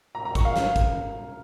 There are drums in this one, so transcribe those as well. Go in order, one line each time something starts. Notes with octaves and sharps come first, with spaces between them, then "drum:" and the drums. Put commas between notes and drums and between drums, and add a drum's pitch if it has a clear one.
A#5
A#5
C#6, drum: kick, hi-hat
F5
drum: snare
drum: kick, hi-hat